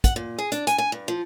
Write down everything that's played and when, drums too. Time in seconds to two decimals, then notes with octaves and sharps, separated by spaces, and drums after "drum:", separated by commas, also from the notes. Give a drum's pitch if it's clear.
0.04 F#5, drum: kick, hi-hat
0.16 A#2
0.38 G#4
0.52 D4, drum: hi-hat
0.67 G#5, drum: hi-hat
0.78 G#5
0.92 G2
1.08 F3